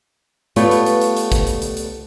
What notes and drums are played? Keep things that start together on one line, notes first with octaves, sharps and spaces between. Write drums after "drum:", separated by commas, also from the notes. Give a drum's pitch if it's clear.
G3 A3 B3 F4 B4 C#5, drum: hi-hat
drum: hi-hat
drum: hi-hat
drum: hi-hat
drum: hi-hat
drum: kick, hi-hat
drum: hi-hat
drum: hi-hat
drum: hi-hat